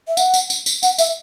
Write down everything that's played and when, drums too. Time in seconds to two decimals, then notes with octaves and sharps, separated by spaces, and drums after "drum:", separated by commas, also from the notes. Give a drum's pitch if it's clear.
0.08 E5
0.17 F#5, drum: tambourine
0.34 drum: tambourine
0.50 drum: tambourine
0.66 drum: tambourine
0.83 F#5, drum: tambourine
0.98 E5, drum: tambourine